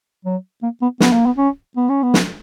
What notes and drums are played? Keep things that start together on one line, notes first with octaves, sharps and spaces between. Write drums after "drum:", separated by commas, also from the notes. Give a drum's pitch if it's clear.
F#3
A#3
B3
B3, drum: snare
A#3
B3
C#4
B3
C#4
B3
drum: snare